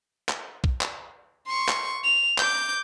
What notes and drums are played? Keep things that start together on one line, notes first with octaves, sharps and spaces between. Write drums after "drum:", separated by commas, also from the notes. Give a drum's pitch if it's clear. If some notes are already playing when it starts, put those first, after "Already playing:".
drum: clap
drum: kick B1
drum: clap
C6 C#6
drum: clap
F7
D6 G6, drum: clap